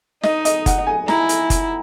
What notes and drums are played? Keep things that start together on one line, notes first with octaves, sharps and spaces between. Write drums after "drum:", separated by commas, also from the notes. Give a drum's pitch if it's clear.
D#4 D#5, drum: snare
D#5, drum: hi-hat
F#5, drum: kick F#1, hi-hat
G#5
E4 A#5, drum: snare
drum: hi-hat
drum: kick F#1, hi-hat